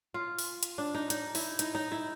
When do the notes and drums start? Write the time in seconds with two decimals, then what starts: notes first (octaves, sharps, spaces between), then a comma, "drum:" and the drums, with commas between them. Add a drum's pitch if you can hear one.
0.14 F4
0.39 drum: open hi-hat
0.63 drum: hi-hat
0.78 D4
0.95 D#4
1.10 D#4, drum: hi-hat
1.35 E4, drum: open hi-hat
1.59 D#4, drum: hi-hat
1.75 D#4
1.92 E4